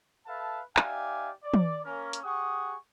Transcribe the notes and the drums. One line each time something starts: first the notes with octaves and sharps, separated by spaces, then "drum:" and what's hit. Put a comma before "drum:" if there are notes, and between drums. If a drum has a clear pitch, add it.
A4 B4 E5 F5 A5
D#4 G4 D5 E5 F5 G#5, drum: clap
D5
drum: tom
A#3 C#4 A#4
drum: hi-hat
G4 G#4 F#5 C#6 D#6